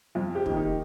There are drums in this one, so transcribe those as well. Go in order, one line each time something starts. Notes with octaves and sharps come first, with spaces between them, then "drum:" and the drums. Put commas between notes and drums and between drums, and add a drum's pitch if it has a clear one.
F2 F4
G4
D#3 A#3, drum: kick
D#4